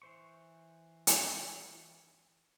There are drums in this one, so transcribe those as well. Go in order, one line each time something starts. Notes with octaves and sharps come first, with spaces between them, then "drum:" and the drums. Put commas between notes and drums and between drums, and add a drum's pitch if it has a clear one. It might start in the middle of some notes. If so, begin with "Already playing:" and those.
E3 C5 C#6
drum: hi-hat